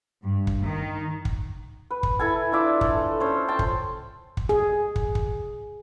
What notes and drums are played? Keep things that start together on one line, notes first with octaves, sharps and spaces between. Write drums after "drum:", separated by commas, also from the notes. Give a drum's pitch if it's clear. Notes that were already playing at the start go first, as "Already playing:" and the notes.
G2
drum: kick
D#3
drum: kick
B4
drum: kick
E4 A4 G#5
D4 F4 E5 D6
A3, drum: kick
C#4 C5
C5 G5 A5
drum: kick
drum: kick
G#4
drum: kick
drum: kick